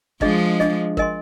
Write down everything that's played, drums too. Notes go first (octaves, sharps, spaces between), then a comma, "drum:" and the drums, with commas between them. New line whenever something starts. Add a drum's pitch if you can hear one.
F3 G#3 D4 G#4 D#5, drum: kick
D4 G#4 D#5, drum: snare
A#4 D#5 G#5 C6, drum: kick